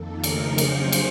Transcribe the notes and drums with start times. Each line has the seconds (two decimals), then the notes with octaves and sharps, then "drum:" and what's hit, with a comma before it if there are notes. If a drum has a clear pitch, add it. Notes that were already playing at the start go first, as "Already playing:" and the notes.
Already playing: F2 D#3 A#3 A4
0.24 C#3 F3 A3 D#4 A#4, drum: cymbal
0.58 C#3 F#3 A#3 C5, drum: cymbal
0.92 drum: cymbal